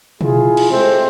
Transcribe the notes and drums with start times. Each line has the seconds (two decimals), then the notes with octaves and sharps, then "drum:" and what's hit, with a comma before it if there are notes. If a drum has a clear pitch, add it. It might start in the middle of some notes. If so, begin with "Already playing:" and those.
0.21 E4 F4 G#4, drum: tom B2
0.57 drum: cymbal
0.70 C3 G#3 A3 C4